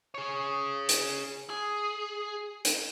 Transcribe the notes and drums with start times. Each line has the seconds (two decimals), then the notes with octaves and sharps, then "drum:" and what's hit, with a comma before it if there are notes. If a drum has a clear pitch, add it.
0.15 G#4 C#5
0.89 drum: hi-hat
1.50 G#4
2.65 drum: hi-hat